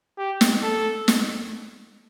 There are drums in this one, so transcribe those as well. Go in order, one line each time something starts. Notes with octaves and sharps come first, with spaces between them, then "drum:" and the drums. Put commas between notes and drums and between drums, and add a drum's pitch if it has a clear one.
G4
drum: snare
A4
drum: snare